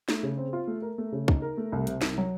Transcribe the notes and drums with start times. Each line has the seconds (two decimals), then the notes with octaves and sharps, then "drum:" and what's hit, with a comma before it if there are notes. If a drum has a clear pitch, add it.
0.09 A3, drum: snare
0.23 C#3
0.37 C4
0.53 F4
0.67 A3
0.82 A#4
0.98 A3
1.12 C#3
1.28 D#4, drum: kick
1.42 A#4
1.57 A3
1.72 C2
1.87 C3, drum: hi-hat
2.02 C2, drum: snare
2.18 F#3